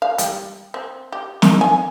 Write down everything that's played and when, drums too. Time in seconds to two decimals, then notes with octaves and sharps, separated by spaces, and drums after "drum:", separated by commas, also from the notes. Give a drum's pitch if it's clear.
0.02 F5
0.18 G3, drum: hi-hat
0.74 C4
1.12 G4
1.42 D#3, drum: snare
1.61 G#5